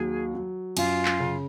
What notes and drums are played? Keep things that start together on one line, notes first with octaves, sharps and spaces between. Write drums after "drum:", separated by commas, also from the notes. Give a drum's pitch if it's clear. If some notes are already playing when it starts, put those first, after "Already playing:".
Already playing: D#2 F#3 G#4
F#3
F#2 F4, drum: cymbal
drum: clap
C#3